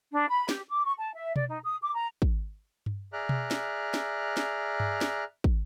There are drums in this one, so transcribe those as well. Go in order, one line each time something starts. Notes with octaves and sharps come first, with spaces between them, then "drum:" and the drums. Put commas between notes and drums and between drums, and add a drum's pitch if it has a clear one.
D4
B5
G4, drum: snare
D6
C#6
A5
E5
D5, drum: tom B2
D#4
D#6
D6
A#5
drum: kick
drum: tom G2
G#4 D5 E5 A#5 F6 F#6
drum: tom B2
drum: snare
drum: snare
drum: snare
drum: tom G2
drum: snare
drum: kick